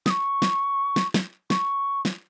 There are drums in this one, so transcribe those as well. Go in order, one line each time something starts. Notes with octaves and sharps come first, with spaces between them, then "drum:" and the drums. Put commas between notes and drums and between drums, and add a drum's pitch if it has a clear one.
D#6, drum: snare
C#6
drum: snare
drum: snare
drum: snare
C#6, drum: snare
drum: snare